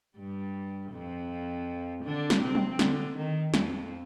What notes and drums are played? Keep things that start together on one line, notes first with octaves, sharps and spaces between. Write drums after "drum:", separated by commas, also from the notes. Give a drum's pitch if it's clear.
G2 G3
F2 F3
D3 D4
drum: snare
C3 C4
drum: tom
D3, drum: snare
D#3
F2 F3, drum: snare